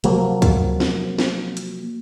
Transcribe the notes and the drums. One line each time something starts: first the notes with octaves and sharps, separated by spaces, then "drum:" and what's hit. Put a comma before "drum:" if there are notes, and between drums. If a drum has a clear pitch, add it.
C3 F3 F#3 A#3, drum: hi-hat
drum: kick, hi-hat
drum: snare
drum: snare
drum: hi-hat